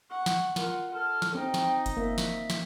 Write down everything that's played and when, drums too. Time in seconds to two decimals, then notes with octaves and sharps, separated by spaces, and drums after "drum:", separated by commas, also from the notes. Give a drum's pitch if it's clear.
0.10 F#5 C#6
0.26 drum: snare
0.56 F4 A#4 F#5, drum: snare
0.94 A4 F6
1.22 drum: snare
1.35 C4 D#4 G5
1.54 drum: snare
1.86 drum: kick F#1, hi-hat
1.97 A#3 E5
2.18 drum: snare
2.50 drum: snare